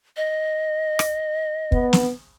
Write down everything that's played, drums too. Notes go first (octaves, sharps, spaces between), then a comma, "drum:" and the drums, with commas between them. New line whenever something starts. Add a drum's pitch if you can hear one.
D#5
drum: rim click
B3, drum: kick
drum: snare